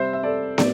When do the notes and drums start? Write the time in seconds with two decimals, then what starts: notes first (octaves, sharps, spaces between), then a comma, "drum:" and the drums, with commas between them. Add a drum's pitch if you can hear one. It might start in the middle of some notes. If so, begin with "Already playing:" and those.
Already playing: C3 G3 C5 E5
0.13 E5
0.23 A4 D5
0.58 A2 D5, drum: snare